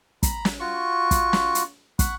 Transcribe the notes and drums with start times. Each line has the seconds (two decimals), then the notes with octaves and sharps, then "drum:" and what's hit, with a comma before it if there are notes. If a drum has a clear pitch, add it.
0.23 A#5 B5, drum: kick, hi-hat
0.45 drum: snare
0.60 F4 F#4 C#6
1.11 drum: kick, hi-hat
1.33 drum: snare
1.55 drum: hi-hat
1.99 F#5 B5 C#6, drum: kick, hi-hat